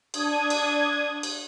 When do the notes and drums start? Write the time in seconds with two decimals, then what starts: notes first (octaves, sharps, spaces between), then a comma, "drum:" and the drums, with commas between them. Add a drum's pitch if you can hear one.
0.14 D4 D#6 G#6, drum: cymbal
0.50 drum: cymbal
1.23 drum: cymbal